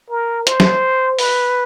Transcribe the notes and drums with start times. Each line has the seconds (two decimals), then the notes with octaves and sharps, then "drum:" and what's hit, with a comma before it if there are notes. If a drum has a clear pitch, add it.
0.10 A#4
0.47 C5, drum: hi-hat
0.60 drum: snare
1.19 B4, drum: open hi-hat